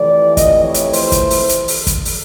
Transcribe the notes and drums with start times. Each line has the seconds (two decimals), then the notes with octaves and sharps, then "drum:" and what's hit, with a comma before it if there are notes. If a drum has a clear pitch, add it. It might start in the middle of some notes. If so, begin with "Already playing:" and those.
Already playing: F2 C3 E3 A3 D5
0.37 D#5, drum: kick, hi-hat
0.64 C#5
0.74 drum: hi-hat
0.93 C5, drum: open hi-hat
1.12 drum: kick, hi-hat
1.30 drum: open hi-hat
1.49 drum: hi-hat
1.68 drum: open hi-hat
1.87 drum: kick, hi-hat
2.05 drum: open hi-hat